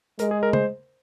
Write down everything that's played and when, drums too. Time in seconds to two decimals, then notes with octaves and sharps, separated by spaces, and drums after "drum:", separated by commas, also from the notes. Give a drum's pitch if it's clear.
0.19 G#3 A#4, drum: hi-hat
0.31 G#4
0.43 A#4
0.53 C5, drum: tom C#3